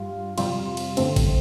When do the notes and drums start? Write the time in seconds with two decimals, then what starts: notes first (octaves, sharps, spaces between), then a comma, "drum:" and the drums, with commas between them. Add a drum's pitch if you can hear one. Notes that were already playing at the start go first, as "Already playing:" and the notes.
Already playing: G2 G3 F4
0.38 F2 C3 G3 F4, drum: cymbal
0.77 drum: cymbal
0.97 G2 D3 A3 C4, drum: cymbal
1.16 drum: kick, cymbal